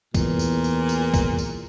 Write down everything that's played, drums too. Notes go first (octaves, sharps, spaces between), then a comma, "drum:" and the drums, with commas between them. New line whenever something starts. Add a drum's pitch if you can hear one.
E2 A#2, drum: kick C2, tambourine
drum: tambourine
drum: tambourine
drum: tambourine
drum: kick C2, tambourine
drum: tambourine